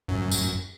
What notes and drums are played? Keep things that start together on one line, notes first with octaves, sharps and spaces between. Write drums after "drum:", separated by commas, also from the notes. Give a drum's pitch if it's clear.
F#2
drum: tambourine